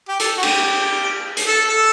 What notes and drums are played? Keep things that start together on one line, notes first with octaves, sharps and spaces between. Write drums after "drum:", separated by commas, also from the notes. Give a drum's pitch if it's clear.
G4
A4, drum: hi-hat
F#4
G4, drum: cymbal
drum: hi-hat
A4
A4